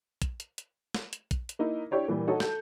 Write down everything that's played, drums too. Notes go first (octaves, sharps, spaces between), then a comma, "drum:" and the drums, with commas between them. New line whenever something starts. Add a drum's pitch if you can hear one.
drum: kick, hi-hat
drum: hi-hat
drum: hi-hat
drum: snare
drum: hi-hat
drum: kick, hi-hat
drum: hi-hat
A#3 D#4 E4
D4 E4 G4 C#5 D5
A#2 E3 G3
D#4 F#4 A4 C#5 D#5
A4 G6, drum: snare